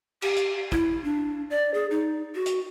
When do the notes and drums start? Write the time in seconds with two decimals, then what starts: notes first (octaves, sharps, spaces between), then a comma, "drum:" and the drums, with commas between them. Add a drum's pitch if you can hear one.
0.22 G4, drum: cymbal
0.36 drum: hi-hat
0.72 E4, drum: kick
1.04 D4
1.50 D5
1.74 G#4
1.91 D#4
2.35 F#4
2.46 drum: hi-hat